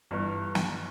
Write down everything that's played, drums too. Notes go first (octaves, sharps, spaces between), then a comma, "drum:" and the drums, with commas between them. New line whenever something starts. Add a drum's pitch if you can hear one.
G1 G2 E3
drum: snare